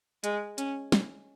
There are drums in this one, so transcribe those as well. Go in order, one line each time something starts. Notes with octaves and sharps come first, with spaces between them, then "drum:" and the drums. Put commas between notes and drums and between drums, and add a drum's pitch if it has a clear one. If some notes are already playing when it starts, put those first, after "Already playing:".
G#3, drum: hi-hat
C#4, drum: hi-hat
drum: snare